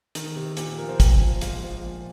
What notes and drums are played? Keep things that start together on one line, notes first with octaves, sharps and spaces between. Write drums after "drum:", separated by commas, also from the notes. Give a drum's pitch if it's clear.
D#3, drum: hi-hat
C3
A#2 G4, drum: hi-hat
F3 A#4
C5
A#2 G5, drum: kick, hi-hat
F3
G#2 F5, drum: hi-hat
F3
A#2